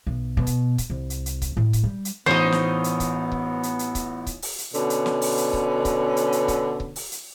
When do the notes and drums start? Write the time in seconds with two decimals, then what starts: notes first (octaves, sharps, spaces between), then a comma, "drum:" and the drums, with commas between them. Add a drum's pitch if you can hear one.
0.07 B1
0.37 B2
0.47 drum: kick C#1, hi-hat
0.78 drum: kick C#1, hi-hat
0.90 C2
1.10 drum: hi-hat
1.26 drum: hi-hat
1.42 drum: kick C#1, hi-hat
1.57 A2
1.73 drum: kick C#1, hi-hat
1.83 G3
2.05 drum: hi-hat
2.26 A1 B3 D#4 F4 C5 C#5 D#6
2.52 drum: snare
2.84 drum: hi-hat
3.00 drum: kick C#1, hi-hat
3.32 drum: kick C#1
3.63 drum: hi-hat
3.79 drum: hi-hat
3.95 drum: kick C#1, hi-hat
4.27 drum: kick C#1, hi-hat
4.42 drum: open hi-hat
4.58 drum: hi-hat
4.74 B2 D3 C#4, drum: hi-hat
4.90 drum: hi-hat
5.06 drum: snare
5.22 drum: open hi-hat
5.37 drum: hi-hat
5.53 drum: kick C#1
5.85 drum: kick C#1, hi-hat
6.17 drum: hi-hat
6.32 drum: hi-hat
6.48 drum: kick C#1, hi-hat
6.80 drum: kick C#1
6.96 drum: open hi-hat
7.11 drum: hi-hat